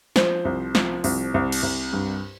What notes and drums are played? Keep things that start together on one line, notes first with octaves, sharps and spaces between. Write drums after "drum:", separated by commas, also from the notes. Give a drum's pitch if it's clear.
F3 C5, drum: snare
C2
F3, drum: snare
C2, drum: open hi-hat
C2
drum: cymbal
C2
G2